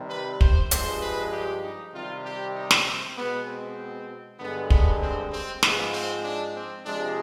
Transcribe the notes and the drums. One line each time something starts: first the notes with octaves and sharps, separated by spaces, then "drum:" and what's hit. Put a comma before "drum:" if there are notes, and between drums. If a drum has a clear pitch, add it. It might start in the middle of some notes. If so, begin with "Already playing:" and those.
Already playing: C3 D#3 G3
B4
C5, drum: kick
G2 F3 G#3 C5, drum: hi-hat
B4
G4
D#4
C3 D#3 G3 F4
G4
D#4
drum: snare
C4
B2 G#3 B3
C4
G2 D3 G#3 B3
B3, drum: kick
C4
C4
G#2 F3 G#3 B3, drum: snare
C4
D4
C4
C3 F3 G#3 D4